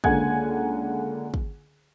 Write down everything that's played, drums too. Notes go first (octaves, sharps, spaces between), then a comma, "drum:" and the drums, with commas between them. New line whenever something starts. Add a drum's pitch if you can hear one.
C#2 D3 A#3 F#5 G#5 G#6, drum: kick
drum: kick